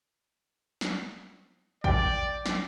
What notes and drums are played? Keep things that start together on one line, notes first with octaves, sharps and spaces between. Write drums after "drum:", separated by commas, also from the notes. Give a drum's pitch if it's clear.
drum: snare
D5 G5, drum: kick A1
drum: snare